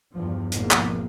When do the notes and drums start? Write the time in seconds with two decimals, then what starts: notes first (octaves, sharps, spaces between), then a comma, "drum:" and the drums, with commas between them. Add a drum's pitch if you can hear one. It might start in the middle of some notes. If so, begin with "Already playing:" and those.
0.13 E2 G2 F3
0.52 G#1 E2 G#2 B2 F3 A#3, drum: hi-hat
0.71 drum: clap